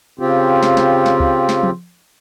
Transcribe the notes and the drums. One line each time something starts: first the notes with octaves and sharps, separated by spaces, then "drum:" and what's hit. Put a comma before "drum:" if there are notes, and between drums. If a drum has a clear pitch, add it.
C#3 C4 F4 G4
drum: snare
drum: snare
drum: snare
drum: kick
drum: snare
drum: tom F3